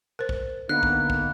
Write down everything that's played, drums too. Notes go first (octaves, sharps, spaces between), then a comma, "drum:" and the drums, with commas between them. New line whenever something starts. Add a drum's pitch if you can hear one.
A#4 C5
drum: kick
D3 A#3 B3 D#4 F#6
drum: kick
drum: kick